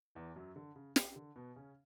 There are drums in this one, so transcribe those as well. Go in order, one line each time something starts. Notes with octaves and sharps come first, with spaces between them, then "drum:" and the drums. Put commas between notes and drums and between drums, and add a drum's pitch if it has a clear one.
E2 E3
F#2 F#3
D3
C#3
drum: snare
D3
B2 B3
C#3 C#4